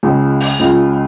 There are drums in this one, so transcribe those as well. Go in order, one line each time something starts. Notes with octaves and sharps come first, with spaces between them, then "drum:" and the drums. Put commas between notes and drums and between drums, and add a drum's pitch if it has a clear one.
C#2 C#3 G#3 F4
drum: open hi-hat
C#2 C#3 G#3 F4